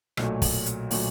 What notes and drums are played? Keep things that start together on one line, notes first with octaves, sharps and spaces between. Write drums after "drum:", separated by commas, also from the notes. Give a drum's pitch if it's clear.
B1 A#2 F#3 A3, drum: rim click
drum: kick, open hi-hat
drum: hi-hat
A#2 F#3 A3, drum: open hi-hat